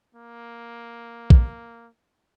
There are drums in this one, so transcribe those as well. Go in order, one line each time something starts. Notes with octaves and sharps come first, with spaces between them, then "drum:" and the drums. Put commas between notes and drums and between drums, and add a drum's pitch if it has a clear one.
A#3
drum: kick A#1